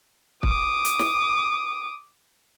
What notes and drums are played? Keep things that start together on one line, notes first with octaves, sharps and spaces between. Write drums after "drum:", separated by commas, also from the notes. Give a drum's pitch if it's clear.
D6 D#6, drum: kick
drum: hi-hat
drum: snare